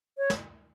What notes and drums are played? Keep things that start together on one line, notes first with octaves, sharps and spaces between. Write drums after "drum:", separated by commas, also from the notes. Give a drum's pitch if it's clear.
C#5
drum: snare